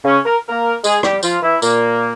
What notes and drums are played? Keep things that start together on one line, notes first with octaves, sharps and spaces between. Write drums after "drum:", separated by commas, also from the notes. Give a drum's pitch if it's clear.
C#3 C#4
A#4
A#3 A#4
G#3 G#4, drum: tambourine
G3 G4, drum: rim click
F3 F4, drum: tambourine
E3 E4
A#2 A#3, drum: tambourine